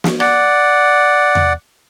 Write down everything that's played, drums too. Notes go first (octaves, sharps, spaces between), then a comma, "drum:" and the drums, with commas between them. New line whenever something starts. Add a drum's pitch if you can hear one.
drum: snare
D5 F#5, drum: rim click
drum: tom E2